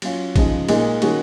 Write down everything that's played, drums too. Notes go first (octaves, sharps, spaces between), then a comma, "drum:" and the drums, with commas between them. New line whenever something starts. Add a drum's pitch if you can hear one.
F#3 C#4 F4, drum: cymbal
C#3 F3 G#3 D#4, drum: kick A1, cymbal
A#2 G#3 D#4, drum: cymbal
D#3 G#3 C#4 F#4, drum: cymbal